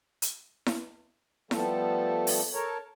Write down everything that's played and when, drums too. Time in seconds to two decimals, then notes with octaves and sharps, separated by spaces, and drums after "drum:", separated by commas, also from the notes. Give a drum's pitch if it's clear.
0.22 drum: hi-hat
0.66 drum: snare E4
1.51 F3 G3 A3 B3 A4, drum: snare E4
2.27 drum: open hi-hat
2.54 A4 A#4 C#5